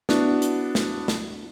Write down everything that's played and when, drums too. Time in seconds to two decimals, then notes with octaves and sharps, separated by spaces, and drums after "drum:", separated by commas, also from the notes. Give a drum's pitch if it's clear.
0.09 B3 D4 E4 F#4, drum: snare
0.42 drum: hi-hat
0.75 drum: snare
1.08 drum: snare